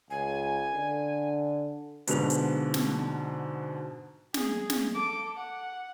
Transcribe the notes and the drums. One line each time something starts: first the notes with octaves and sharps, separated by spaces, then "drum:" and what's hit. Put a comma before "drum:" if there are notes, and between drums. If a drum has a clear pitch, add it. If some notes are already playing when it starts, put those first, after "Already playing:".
C#2 G#5
D3
G#2 B2 D3 F3 B4 F7, drum: hi-hat
drum: hi-hat
drum: snare
G#4, drum: snare
drum: snare
A4 D6
F#5